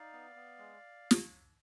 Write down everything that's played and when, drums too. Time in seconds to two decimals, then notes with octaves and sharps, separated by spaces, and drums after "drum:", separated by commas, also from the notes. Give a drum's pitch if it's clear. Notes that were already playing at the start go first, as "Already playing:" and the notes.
Already playing: D#4 D5 F5
0.13 B3
0.36 B3
0.58 G#3
1.11 drum: snare